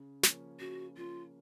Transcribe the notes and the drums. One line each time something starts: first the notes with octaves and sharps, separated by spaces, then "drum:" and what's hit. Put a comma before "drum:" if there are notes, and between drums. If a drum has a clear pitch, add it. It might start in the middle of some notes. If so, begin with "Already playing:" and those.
Already playing: C#3
F3 A#3 C#4, drum: snare
C#3 F#4
F3 A#3 C#4 F4